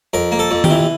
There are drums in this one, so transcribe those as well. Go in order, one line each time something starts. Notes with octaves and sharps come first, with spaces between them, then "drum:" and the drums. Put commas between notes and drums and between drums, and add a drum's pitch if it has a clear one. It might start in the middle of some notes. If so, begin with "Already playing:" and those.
F2 A#4
A#3
A4
F2
G4, drum: tom D#3
E3